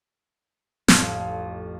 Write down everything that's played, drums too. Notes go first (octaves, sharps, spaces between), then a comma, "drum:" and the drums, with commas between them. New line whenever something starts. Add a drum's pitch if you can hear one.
A1 F2 F4, drum: snare